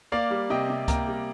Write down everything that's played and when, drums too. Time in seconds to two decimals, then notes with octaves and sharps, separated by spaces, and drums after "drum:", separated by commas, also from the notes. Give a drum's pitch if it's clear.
0.12 A#3 D5 F5
0.31 G3
0.50 C3 D#5 G5
0.70 C3
0.88 A#3 G5 A#5, drum: kick C#2, hi-hat
1.07 G3